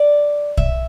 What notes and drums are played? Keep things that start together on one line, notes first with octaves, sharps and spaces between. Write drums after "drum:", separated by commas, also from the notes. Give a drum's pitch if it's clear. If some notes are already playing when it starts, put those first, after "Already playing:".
Already playing: D5
E5, drum: kick